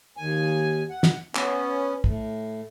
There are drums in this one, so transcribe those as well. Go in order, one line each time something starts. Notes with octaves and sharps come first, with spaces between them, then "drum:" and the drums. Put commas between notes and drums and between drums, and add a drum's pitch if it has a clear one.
D#2 G#5
F#5
drum: snare
B3 C#4, drum: clap
A2, drum: kick